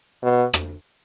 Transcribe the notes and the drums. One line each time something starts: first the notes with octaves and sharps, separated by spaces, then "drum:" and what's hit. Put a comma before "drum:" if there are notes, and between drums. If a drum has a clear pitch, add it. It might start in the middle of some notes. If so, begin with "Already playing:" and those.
B2
drum: rim click